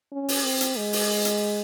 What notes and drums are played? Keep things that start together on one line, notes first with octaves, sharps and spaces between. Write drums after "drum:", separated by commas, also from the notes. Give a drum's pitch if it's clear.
C#4
drum: open hi-hat
C4
drum: hi-hat
G#3
drum: open hi-hat
drum: hi-hat